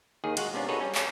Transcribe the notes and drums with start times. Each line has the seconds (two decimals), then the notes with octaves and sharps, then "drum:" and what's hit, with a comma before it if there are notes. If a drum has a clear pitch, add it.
0.24 D#2 D#3 G#4
0.37 G#3 F4 F#4 F5 F#5, drum: cymbal
0.53 C3 B3 C#4 D4 F4
0.69 D#4 F#4 G#4 A4 B4 C#5
0.80 G3 C#4
0.95 C#4, drum: clap